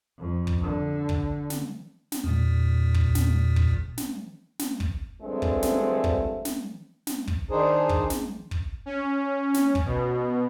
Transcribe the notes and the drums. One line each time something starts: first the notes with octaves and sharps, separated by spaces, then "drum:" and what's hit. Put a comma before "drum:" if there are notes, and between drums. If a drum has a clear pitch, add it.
F2
drum: kick
D3
drum: kick
drum: snare
drum: snare
E2 A#2
drum: kick
drum: snare
drum: kick
drum: snare
drum: snare
drum: kick
G2 D3 F3 G#3 A3 C4
drum: kick
drum: snare
drum: kick
drum: snare
drum: snare
drum: kick
D#3 D4 D#4 G#4 C5
drum: kick
drum: snare
drum: kick
C#4
drum: snare
drum: kick
B2